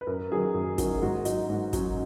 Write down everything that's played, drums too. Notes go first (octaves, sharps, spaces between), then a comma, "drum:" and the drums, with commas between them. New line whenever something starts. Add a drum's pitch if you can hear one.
B4
F#2 A#4
D#3 F#3 G#4
F#2
D#3 F#3, drum: kick, hi-hat
G#4
G#2 F#4
F#3 D#4, drum: hi-hat
G#2
F#3 C#4, drum: kick, hi-hat